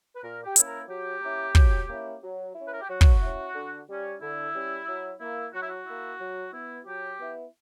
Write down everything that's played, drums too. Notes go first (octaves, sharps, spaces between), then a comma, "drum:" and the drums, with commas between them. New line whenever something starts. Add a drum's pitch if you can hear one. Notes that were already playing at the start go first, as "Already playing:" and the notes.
B4
A#2 A#4
G4
A#3 C#4 E4, drum: hi-hat
A#4
F#3 G4
A#3 C#4 E4
F#3, drum: kick
A#3 C#4 E4
F#3
C#4 E4
B4
A#4
G4
F#3 F#4
drum: kick
C#4 E4
D3
G3 C#4
D3 E4
G3 C#4
F#3
A#3 E4
F#3 F#4
E4
F#4
A#3 E4
F#3
B3 E4
F#3 G4
B3 E4